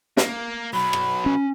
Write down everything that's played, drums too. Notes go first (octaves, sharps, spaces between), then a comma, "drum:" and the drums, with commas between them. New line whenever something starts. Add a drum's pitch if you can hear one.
A#3, drum: snare
B2 F#3 B5
drum: rim click
C#4